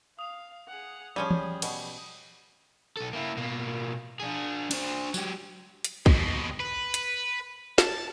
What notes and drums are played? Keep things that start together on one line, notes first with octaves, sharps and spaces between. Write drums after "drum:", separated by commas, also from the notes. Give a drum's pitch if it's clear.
F5 D#6 F7
G#4 F#5
F3 G3 C#4 G#4 G#5
drum: tom
B2, drum: cymbal
B1 A4
A#3 E4
B2 A#3
D4 G#4
D4 C5, drum: cymbal
F#3 G4, drum: tambourine
drum: hi-hat
D#2 B2, drum: kick
B4
drum: hi-hat
A5, drum: snare